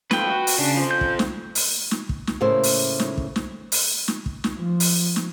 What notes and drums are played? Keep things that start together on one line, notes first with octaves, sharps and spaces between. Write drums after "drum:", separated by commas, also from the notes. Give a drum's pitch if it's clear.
F2 B4 G5, drum: snare
F#4
drum: open hi-hat
C#3 D4
F3 C4
G6
drum: kick
drum: snare
drum: open hi-hat
drum: snare
drum: kick
drum: snare
A2 C#3 A#3 C5 E5
drum: open hi-hat
drum: snare
drum: kick
drum: snare
drum: open hi-hat
drum: snare
drum: kick
drum: snare
F3
drum: open hi-hat
drum: snare